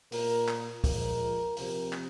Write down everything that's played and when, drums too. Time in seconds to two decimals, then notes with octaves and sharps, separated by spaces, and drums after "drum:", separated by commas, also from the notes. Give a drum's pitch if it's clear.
0.12 A#2 A#3 A#4, drum: open hi-hat
0.48 drum: clap
0.84 A#2 F3 G#3 A#4, drum: kick, open hi-hat
1.57 C3 F3 C4 A#4, drum: open hi-hat
1.93 drum: clap